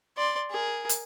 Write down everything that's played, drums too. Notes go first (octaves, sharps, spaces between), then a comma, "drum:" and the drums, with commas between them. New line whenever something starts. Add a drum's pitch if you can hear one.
D5 C6
G#4 A#4
drum: hi-hat